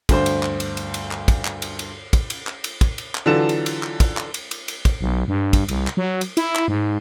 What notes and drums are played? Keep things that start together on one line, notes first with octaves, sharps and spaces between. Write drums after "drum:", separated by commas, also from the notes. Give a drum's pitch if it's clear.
D2 G2 C5 C6, drum: kick, cymbal
drum: cymbal
drum: clap
drum: cymbal
drum: cymbal
drum: cymbal
drum: clap
drum: kick, cymbal
drum: clap
drum: cymbal
drum: cymbal
drum: kick, cymbal
drum: cymbal
drum: clap
drum: cymbal
drum: kick, cymbal
drum: cymbal
drum: clap
D3 E3 F#3 F4 A4 E7
drum: cymbal
drum: cymbal
drum: clap
drum: kick, cymbal
drum: clap
drum: cymbal
drum: cymbal
drum: cymbal
drum: kick, cymbal
B1
G2
drum: kick, cymbal
C2, drum: cymbal
drum: clap
F#3
drum: cymbal
E4, drum: cymbal
drum: clap
G#2